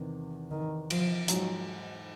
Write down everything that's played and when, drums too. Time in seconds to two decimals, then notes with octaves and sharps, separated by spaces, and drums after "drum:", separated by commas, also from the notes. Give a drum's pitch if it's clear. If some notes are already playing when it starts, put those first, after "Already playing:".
Already playing: E2 C3 D#3
0.51 D#3
0.90 F3, drum: cymbal
1.28 G#2 F3 F#3 G#3, drum: hi-hat